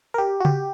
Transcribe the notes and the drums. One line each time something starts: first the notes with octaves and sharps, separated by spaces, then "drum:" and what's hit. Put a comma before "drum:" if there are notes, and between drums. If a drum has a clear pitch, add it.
A#4
G4
F#4
G4, drum: tom C#3